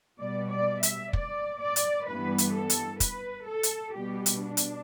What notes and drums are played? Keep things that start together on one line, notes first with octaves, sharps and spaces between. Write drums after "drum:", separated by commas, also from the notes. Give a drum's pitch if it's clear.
B2 G3 B3 D5
D5
E5, drum: hi-hat
D5, drum: kick
D5
drum: hi-hat
G2 E3 G3 B3 B4
drum: hi-hat
A4
drum: hi-hat
B4, drum: kick, hi-hat
A4
drum: hi-hat
B2 G3 B3 G4
drum: hi-hat
D4
drum: hi-hat